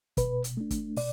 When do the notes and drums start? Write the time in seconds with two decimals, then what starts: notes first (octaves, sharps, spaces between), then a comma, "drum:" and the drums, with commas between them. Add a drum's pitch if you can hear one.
0.17 B2 B4, drum: kick, hi-hat
0.44 drum: hi-hat
0.57 A3 D4
0.71 drum: kick, hi-hat
0.96 B2 D5, drum: open hi-hat